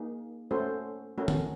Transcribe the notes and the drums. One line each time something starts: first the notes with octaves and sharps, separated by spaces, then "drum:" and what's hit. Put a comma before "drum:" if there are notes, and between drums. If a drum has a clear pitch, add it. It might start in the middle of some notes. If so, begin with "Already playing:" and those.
Already playing: A#3 D#4 G#4
A3 C#4 F#4 A4 C5
A3 C#4 F#4 A#4
drum: tom D#3